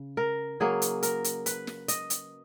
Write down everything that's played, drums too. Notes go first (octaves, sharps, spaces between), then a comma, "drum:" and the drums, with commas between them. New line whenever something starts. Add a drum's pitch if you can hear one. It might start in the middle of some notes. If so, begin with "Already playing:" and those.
Already playing: C#3
A#4
C#3 F#3 A#3 G#4
drum: hi-hat
A#4, drum: hi-hat
drum: hi-hat
B4, drum: hi-hat
drum: snare
D#5, drum: hi-hat
drum: hi-hat